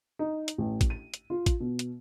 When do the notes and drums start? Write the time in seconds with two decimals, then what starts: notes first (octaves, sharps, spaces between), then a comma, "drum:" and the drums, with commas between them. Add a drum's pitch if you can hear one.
0.19 D#4
0.48 drum: hi-hat
0.58 A1
0.81 drum: kick A1, hi-hat
0.90 D#7
1.14 drum: hi-hat
1.30 F4
1.46 drum: kick A1, hi-hat
1.60 B2
1.79 drum: hi-hat